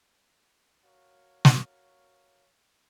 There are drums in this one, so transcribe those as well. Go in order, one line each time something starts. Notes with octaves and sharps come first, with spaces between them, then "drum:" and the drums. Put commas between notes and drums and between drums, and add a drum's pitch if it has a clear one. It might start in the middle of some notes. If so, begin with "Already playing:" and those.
F#4 A#4 C#5 F5
drum: snare